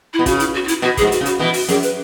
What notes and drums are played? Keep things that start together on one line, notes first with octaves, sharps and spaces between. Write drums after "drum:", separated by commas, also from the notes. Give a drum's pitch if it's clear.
E4
B2
C#3 F#4, drum: kick, hi-hat
E4, drum: hi-hat
F#4
F#4
E4, drum: hi-hat
B2 F#4
G#4, drum: kick, hi-hat
G#2
G#4
F#4, drum: hi-hat
C#3
F#4, drum: hi-hat
B2 E3
F#4, drum: open hi-hat
F#2 G#4, drum: hi-hat
B4, drum: hi-hat